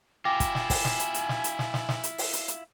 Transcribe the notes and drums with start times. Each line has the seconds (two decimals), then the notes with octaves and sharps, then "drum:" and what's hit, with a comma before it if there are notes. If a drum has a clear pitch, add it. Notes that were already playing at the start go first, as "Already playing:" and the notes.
0.25 E4 F4 G5 G#5 D6 A#6
0.40 drum: kick, hi-hat
0.55 drum: snare
0.70 drum: kick, open hi-hat
0.85 drum: snare
1.00 drum: hi-hat
1.14 drum: hi-hat
1.29 drum: snare
1.44 drum: hi-hat
1.59 drum: snare
1.74 drum: snare
1.89 drum: snare
2.03 drum: hi-hat
2.18 drum: open hi-hat
2.33 drum: hi-hat
2.48 drum: hi-hat